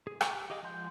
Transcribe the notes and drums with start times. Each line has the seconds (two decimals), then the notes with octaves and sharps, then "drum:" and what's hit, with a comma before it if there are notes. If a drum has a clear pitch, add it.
0.07 G#4
0.21 G#5 A#5 C#6 D6 E6, drum: rim click
0.33 G4
0.50 G4 G#4 D#5 F5
0.63 F3 G#3 F#5 C6 G6